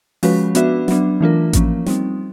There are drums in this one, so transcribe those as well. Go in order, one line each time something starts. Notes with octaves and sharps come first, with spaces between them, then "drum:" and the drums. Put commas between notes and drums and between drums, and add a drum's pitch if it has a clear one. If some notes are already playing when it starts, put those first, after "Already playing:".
F3 G#3 C#4 F#4 B4, drum: open hi-hat
B3 D4 F#4 B4 E5, drum: hi-hat
F#3 B3 D4, drum: snare
E3 A3 D4 F4 A#4
F3 A#3 C#4, drum: kick A1, hi-hat
G3 C4 D#4, drum: snare